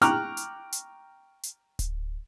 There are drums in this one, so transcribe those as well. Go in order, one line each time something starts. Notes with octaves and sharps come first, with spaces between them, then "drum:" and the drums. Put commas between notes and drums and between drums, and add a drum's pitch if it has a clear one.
G5 A#5 C#6 D6 F6 F#6, drum: hi-hat
drum: hi-hat
drum: hi-hat
drum: hi-hat
drum: kick D1, hi-hat